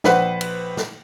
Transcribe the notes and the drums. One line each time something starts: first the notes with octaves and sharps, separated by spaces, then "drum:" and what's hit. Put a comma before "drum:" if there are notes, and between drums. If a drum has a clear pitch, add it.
A#1 B4 C5 F#5, drum: snare
drum: cymbal
drum: snare